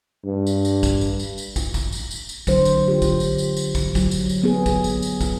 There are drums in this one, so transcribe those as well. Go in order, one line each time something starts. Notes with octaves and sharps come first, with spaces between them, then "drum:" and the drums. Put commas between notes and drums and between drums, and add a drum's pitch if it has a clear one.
G2
drum: tambourine
drum: tambourine
drum: kick, tambourine
drum: tambourine
drum: tambourine
drum: tambourine
drum: kick, tambourine
drum: kick, tambourine
drum: tambourine
drum: tambourine
drum: tambourine
D3 F#3 C5, drum: kick, tambourine
drum: tambourine
F4 G4
drum: kick, tambourine
drum: tambourine
drum: tambourine
drum: tambourine
drum: kick, tambourine
F#3, drum: kick, tambourine
drum: tambourine
drum: tambourine
F#3 B3 G#4
drum: kick, tambourine
drum: tambourine
drum: tambourine
drum: kick, tambourine